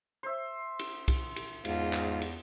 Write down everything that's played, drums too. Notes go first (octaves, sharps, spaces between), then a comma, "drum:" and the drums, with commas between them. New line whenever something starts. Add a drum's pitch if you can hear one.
C5 E5
drum: cymbal
drum: kick C2, cymbal
drum: cymbal
E2 G#2 F4, drum: cymbal
drum: clap
drum: cymbal